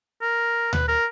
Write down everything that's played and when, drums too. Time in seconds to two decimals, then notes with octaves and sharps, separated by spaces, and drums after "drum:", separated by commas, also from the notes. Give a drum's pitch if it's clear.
0.22 A#4
0.73 B4, drum: tom D2
0.88 A#4